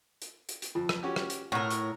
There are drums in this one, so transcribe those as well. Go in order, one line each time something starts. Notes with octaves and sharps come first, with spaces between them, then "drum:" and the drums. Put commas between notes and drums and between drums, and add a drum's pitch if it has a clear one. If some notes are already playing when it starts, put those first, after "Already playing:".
drum: hi-hat
drum: hi-hat
drum: hi-hat
F2 F4
drum: rim click
C#4 F#4 G4
drum: rim click
drum: hi-hat
A2 A#4 C#5 F#5
drum: hi-hat